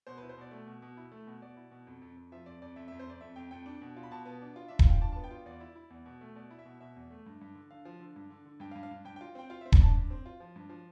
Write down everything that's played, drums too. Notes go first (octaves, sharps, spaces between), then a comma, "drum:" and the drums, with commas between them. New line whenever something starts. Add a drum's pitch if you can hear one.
B2 C5
E4 B4
C5
B2 D5
A3
B2
B2
E4
A3
B2
B2 D5
E4
B2
F2
F2
F2
F3 E5
F2 D5
F2 D5
F2 E5
F2 E5
C5
F2 D5
F2 E5
F2 G5
F2 G5
D4
B2
F4
B5
B2 A5
B3
D4
F4
D4 E5
F5, drum: kick D#1
F4 G5
D4 A5
B3 A5
G5
F4
E2 D5
E4
E4
E2
B2
A3
B2 D5
E4
E5
B2
B2 E5
E2
A3
G2
G2
D3
D3 F5
F3
D3
G2
D3
D3
G2 G5
F5
G2
F5
G2
G2 G5
F4 G5
C4 G5
F4 F5
C4 E5
D5, drum: kick D#1
G2 A5
G2
C4
F4
F3
G2
F3